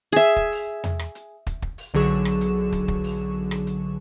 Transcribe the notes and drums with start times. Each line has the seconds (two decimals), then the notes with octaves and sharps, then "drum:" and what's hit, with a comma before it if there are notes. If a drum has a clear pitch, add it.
0.12 G#4 E5
0.36 drum: kick
0.52 drum: open hi-hat
0.84 drum: tom E2
0.99 drum: rim click
1.15 drum: hi-hat
1.47 drum: kick, hi-hat
1.62 drum: kick
1.78 drum: open hi-hat
1.94 B1 D3 F#3 G#4 C#6 E7
2.25 drum: rim click
2.41 drum: hi-hat
2.72 drum: kick, hi-hat
2.88 drum: kick
3.04 drum: open hi-hat
3.51 drum: rim click
3.67 drum: hi-hat